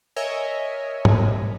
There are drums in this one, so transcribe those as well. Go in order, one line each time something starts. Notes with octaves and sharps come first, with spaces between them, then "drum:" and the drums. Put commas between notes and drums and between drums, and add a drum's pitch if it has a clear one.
A#4 C#5 D#5 E5 G#5
drum: tom